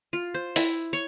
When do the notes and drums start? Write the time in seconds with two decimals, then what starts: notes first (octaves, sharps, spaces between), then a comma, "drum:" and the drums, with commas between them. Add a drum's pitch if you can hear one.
0.13 F4
0.34 C5
0.56 E4, drum: open hi-hat
0.93 C#5